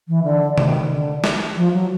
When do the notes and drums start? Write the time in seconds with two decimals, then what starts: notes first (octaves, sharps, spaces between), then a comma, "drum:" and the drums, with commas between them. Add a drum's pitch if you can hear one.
0.08 E3
0.24 D3
0.58 D#3, drum: tom C3
0.91 D3
1.24 drum: snare
1.57 F3
1.74 F#3